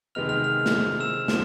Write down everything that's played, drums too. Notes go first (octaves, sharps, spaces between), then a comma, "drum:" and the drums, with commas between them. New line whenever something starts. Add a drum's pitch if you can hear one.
C3 D#3 G#3 B3 D#4 F6 F7
F6 F7
F6 F7
drum: snare
E6 E7
D3 F3, drum: snare